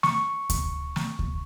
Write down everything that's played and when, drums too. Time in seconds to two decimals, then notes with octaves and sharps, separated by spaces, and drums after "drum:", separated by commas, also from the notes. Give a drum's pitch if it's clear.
0.03 C#6, drum: snare
0.50 drum: kick D2, hi-hat
0.96 drum: snare
1.19 drum: kick D2